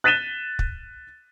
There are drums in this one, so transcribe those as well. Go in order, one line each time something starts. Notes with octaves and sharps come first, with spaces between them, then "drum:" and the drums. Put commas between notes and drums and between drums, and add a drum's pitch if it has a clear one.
F#6 A6 B6 D#7 E7 G7
drum: kick